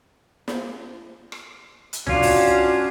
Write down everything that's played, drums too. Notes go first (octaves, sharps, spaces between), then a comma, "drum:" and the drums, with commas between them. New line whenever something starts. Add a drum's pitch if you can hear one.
drum: snare
drum: rim click
drum: hi-hat
C#4 D4 F4 F#4, drum: tom C2
drum: open hi-hat